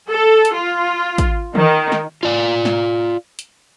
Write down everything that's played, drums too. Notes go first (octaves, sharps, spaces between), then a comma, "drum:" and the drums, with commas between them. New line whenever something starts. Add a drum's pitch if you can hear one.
A4
drum: hi-hat
F4
drum: kick, hi-hat
D#3, drum: tom
drum: snare
F4 D5 F5
drum: snare
drum: hi-hat